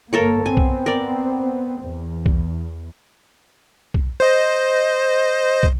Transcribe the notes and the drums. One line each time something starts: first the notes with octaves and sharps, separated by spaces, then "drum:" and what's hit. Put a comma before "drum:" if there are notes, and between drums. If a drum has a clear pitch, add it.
G1 A#3 A4 A#4 C#5
B3 C4 G#5
drum: kick
A#4 D5
E2
drum: kick
drum: kick
C5 D#5
drum: kick